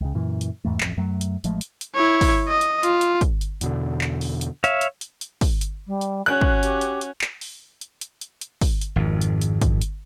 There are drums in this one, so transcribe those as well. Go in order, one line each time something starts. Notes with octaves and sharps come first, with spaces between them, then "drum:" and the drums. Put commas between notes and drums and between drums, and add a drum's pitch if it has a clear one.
C#2 C#3
F#2 A#2 E3
drum: hi-hat
E2 G#2 E3 A3
D1 A1 F2, drum: clap
F#2 F#3 A3
drum: hi-hat
A1 F3 G#3 A3, drum: hi-hat
drum: hi-hat
drum: hi-hat
E4 C#5
drum: kick, open hi-hat
D#5
drum: hi-hat
F4, drum: hi-hat
drum: hi-hat
drum: kick, hi-hat
drum: hi-hat
E2 B2 D3, drum: hi-hat
drum: clap
drum: open hi-hat
drum: hi-hat
C#5 E5 F5, drum: hi-hat
drum: hi-hat
drum: hi-hat
drum: hi-hat
drum: kick, open hi-hat
drum: hi-hat
G3
drum: hi-hat
C#4 F#4 G#4 F#6
drum: kick
G4, drum: hi-hat
drum: hi-hat
drum: hi-hat
drum: clap
drum: open hi-hat
drum: hi-hat
drum: hi-hat
drum: hi-hat
drum: hi-hat
drum: kick, open hi-hat
drum: hi-hat
G#1 F2
drum: hi-hat
drum: hi-hat
drum: kick, hi-hat
drum: hi-hat